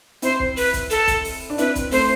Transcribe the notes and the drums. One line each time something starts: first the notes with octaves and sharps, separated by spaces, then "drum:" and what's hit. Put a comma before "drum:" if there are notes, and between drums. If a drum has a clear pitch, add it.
C4 E4 C5, drum: hi-hat
drum: kick
B4, drum: open hi-hat
drum: kick, hi-hat
A4, drum: hi-hat
drum: kick, hi-hat
drum: open hi-hat
D4
C4 E4 B4, drum: hi-hat
drum: kick, hi-hat
A3 C4 C5, drum: open hi-hat